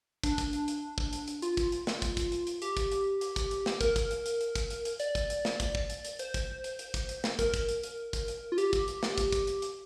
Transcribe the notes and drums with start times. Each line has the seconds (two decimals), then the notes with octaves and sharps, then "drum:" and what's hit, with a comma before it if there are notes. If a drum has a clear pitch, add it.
0.24 D4, drum: kick, hi-hat
0.38 drum: kick, hi-hat
0.53 drum: hi-hat
0.68 drum: hi-hat
0.98 drum: kick
1.13 drum: hi-hat
1.28 drum: hi-hat
1.42 F4, drum: hi-hat
1.57 drum: kick, hi-hat
1.72 drum: hi-hat
1.87 drum: snare
2.02 drum: kick, hi-hat
2.17 drum: kick, hi-hat
2.32 drum: hi-hat
2.47 drum: hi-hat
2.62 G4, drum: hi-hat
2.77 drum: kick, hi-hat
2.92 drum: hi-hat
3.21 drum: hi-hat
3.36 drum: kick, hi-hat
3.51 drum: hi-hat
3.66 drum: snare
3.81 A#4, drum: kick, hi-hat
3.96 drum: kick, hi-hat
4.11 drum: hi-hat
4.26 drum: hi-hat
4.41 drum: hi-hat
4.55 drum: kick, hi-hat
4.70 drum: hi-hat
4.85 drum: hi-hat
5.00 D5, drum: hi-hat
5.15 drum: kick, hi-hat
5.30 drum: hi-hat
5.45 drum: snare
5.60 drum: kick, hi-hat
5.75 drum: kick
5.90 drum: hi-hat
6.05 drum: hi-hat
6.19 C5, drum: hi-hat
6.34 drum: kick, hi-hat
6.64 drum: hi-hat
6.79 drum: hi-hat
6.94 drum: kick, hi-hat
7.09 drum: hi-hat
7.24 drum: snare
7.39 A#4, drum: kick, hi-hat
7.54 drum: kick, hi-hat
7.69 drum: hi-hat
7.83 drum: hi-hat
8.13 drum: kick, hi-hat
8.28 drum: hi-hat
8.52 F4
8.58 G4, drum: hi-hat
8.73 drum: kick, hi-hat
8.88 drum: hi-hat
9.03 drum: snare
9.18 drum: kick, hi-hat
9.32 drum: kick, hi-hat
9.47 drum: hi-hat
9.62 drum: hi-hat